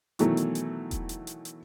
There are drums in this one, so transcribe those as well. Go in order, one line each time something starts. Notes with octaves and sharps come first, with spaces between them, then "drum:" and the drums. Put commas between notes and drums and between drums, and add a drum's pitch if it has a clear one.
B2 D#3 E3 F#3 A3, drum: hi-hat
drum: hi-hat
drum: hi-hat
drum: kick E1, hi-hat
drum: hi-hat
drum: hi-hat
drum: hi-hat